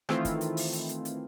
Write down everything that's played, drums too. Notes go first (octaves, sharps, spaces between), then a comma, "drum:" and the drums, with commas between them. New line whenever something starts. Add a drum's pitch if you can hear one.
D#3 E3 A3 C4 E4 F4, drum: rim click
drum: kick, hi-hat
drum: hi-hat
drum: open hi-hat
drum: hi-hat
drum: hi-hat
drum: hi-hat